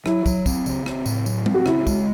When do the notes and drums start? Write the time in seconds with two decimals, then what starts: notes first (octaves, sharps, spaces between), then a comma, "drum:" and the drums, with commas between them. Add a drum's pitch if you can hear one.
0.06 F#3 E4, drum: rim click
0.26 F#3, drum: kick, tambourine
0.46 C4, drum: kick, tambourine
0.66 C#3, drum: tambourine
0.86 C4, drum: rim click
1.06 A2, drum: tambourine
1.26 F#3, drum: tambourine
1.46 C4, drum: tom G3
1.54 F#4
1.66 C#3 E4, drum: rim click
1.87 G#3, drum: kick, tambourine